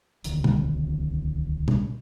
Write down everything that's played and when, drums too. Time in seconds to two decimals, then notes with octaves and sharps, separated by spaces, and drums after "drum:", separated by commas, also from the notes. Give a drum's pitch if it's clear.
0.24 D1 C2 D3 D#3, drum: hi-hat
0.44 drum: tom B2
1.68 drum: tom B2